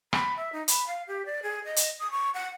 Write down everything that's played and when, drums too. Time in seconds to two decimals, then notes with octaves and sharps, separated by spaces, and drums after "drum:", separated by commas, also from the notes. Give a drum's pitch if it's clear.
0.13 B5, drum: rim click
0.37 E5
0.53 D#4
0.68 B5, drum: hi-hat
0.87 F5
1.07 G4
1.26 D5
1.43 G#4
1.64 D#5
1.76 drum: hi-hat
1.99 D#6
2.11 C#6
2.34 F#5